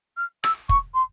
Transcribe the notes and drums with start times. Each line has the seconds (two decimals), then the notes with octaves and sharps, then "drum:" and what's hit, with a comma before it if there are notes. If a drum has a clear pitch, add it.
0.17 F6
0.44 E6, drum: rim click
0.69 C#6, drum: kick
0.94 C6